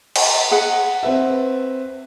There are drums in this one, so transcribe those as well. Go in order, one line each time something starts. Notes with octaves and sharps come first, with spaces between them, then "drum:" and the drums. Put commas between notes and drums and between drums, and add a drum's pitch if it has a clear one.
drum: cymbal
G#4 F#5
C4 B4 E5